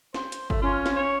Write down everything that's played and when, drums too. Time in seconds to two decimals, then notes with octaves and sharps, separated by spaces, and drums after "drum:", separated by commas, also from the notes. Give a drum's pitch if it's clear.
0.14 C5, drum: snare
0.32 drum: hi-hat
0.50 A3, drum: kick G1
0.62 C#4 F4
0.86 drum: snare
0.96 C#5